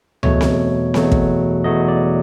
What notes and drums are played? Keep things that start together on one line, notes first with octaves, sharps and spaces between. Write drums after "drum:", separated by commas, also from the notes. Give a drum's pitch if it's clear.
E2 B2 F#3 A3 C#5, drum: tom C#2
drum: snare C4
E2 B2 F#3 A3, drum: snare C4
drum: kick
E2 B2 F#3 A3 D#5
D5